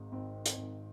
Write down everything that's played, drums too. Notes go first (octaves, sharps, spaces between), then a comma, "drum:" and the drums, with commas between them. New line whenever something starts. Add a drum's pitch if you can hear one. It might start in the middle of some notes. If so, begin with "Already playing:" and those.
Already playing: G#1 G#2 D#4
G#1 C4
D#3
drum: hi-hat
G#1